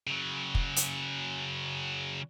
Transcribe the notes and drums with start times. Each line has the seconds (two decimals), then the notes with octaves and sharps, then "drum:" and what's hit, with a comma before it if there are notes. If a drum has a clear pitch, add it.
0.07 C#3 F#3
0.55 drum: kick
0.76 drum: hi-hat